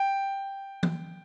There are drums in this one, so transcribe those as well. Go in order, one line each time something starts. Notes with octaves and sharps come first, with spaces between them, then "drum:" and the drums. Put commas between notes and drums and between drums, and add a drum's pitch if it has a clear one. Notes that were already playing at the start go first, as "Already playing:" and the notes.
Already playing: G5
drum: tom E3